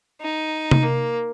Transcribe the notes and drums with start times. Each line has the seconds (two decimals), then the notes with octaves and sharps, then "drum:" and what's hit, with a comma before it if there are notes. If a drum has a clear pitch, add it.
0.21 D#4
0.71 drum: tom C3
0.83 A#3